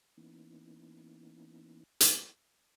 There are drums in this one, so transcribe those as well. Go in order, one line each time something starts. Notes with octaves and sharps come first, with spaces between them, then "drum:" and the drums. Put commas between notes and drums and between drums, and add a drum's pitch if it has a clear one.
E3 A#3 B3 C#4 D#4 E4
drum: hi-hat